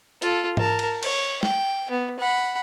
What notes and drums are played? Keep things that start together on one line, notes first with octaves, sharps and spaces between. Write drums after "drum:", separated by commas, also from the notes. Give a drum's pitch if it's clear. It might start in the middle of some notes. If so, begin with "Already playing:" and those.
F4 A4, drum: hi-hat
A#4 A5, drum: tom G#2
drum: cymbal
C#5, drum: cymbal
G5, drum: snare
B3
F#5 B5